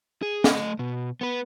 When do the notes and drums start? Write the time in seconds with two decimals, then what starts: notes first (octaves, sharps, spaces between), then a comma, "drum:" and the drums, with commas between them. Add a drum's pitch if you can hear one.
0.23 G#4
0.44 A3 D#5, drum: snare
0.79 B2
1.21 B3 B4